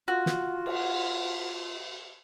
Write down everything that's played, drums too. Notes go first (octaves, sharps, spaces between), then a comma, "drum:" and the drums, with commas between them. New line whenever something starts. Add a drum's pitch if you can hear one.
F4 F#4
drum: snare
drum: cymbal